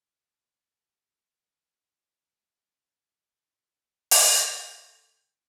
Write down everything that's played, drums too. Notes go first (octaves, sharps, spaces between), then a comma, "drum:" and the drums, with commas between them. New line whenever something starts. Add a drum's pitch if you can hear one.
F#5 B5 F#6
C5
G#1 D2 B2 F#3 A5 F#7
E4 G4 G#4
drum: open hi-hat
G#2 F4
G#1
F2 B2 F3 F#3 C#4 F#4